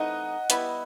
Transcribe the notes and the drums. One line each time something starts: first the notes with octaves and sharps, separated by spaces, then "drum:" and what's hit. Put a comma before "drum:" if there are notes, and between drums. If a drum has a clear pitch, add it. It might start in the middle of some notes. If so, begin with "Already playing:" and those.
Already playing: E3 A3 C4 D#4 D#5 F#5
G3 B3 E4, drum: hi-hat